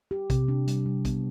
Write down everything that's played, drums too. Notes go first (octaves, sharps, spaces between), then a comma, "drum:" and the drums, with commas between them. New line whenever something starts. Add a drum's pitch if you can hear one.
G4
C3, drum: kick, hi-hat
D4
G3, drum: hi-hat
G3
B3, drum: kick, hi-hat